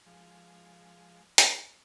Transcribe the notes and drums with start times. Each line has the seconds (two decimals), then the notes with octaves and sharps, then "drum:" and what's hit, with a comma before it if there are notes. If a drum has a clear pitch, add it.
0.06 F3 G#3
1.38 drum: hi-hat